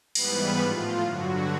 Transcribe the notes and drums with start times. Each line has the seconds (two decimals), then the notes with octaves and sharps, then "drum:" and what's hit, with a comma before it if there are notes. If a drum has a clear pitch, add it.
0.15 G#2 E3 G3 B3 B4, drum: cymbal
0.58 A2 F3 F4
1.01 G2 D3 F#3 F#4